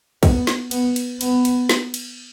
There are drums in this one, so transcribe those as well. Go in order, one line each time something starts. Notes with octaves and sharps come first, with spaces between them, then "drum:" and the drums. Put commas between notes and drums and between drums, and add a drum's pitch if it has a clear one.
B3, drum: kick, cymbal
drum: snare
B3, drum: cymbal
drum: cymbal
B3, drum: cymbal
drum: cymbal
drum: snare
drum: cymbal